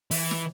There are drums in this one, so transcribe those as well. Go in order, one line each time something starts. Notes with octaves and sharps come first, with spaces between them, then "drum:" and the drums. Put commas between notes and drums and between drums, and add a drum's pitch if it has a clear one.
E3, drum: open hi-hat
drum: snare